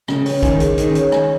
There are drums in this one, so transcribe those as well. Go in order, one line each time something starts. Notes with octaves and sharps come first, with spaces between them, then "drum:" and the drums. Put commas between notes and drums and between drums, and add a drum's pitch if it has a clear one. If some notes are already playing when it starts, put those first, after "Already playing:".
C#3 C#4, drum: rim click
C#5, drum: open hi-hat
D#3 G#5, drum: kick, hi-hat
G#4, drum: hi-hat
D#3 C#4, drum: hi-hat
C#5, drum: hi-hat
G#5, drum: rim click